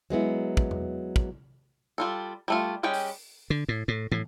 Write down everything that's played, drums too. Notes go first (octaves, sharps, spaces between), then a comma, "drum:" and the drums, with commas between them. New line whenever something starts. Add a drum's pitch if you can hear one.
F#3 G#3 B3 E4
drum: kick
drum: tom E2
drum: kick
G3 F4 A4
G3 A3 F4
G3 G#3 C#4 G5
drum: open hi-hat
D3
A2
A2
A2, drum: tom